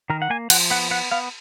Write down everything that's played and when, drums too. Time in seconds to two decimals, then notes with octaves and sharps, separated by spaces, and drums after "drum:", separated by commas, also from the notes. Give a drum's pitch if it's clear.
0.10 D#3 A#4
0.22 F#5
0.30 A#3 G#5
0.50 F3 F#5, drum: cymbal
0.70 B3 F#5
0.90 B3 F#5
1.11 B3 F5